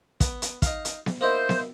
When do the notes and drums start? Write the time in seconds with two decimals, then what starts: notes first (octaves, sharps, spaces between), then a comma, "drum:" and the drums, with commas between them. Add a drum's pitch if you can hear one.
0.20 B3, drum: kick, hi-hat
0.42 drum: hi-hat
0.62 D#4 F5, drum: kick, hi-hat
0.85 drum: hi-hat
1.06 drum: snare B3
1.21 A#3 D#4 E4 C5
1.49 drum: snare B3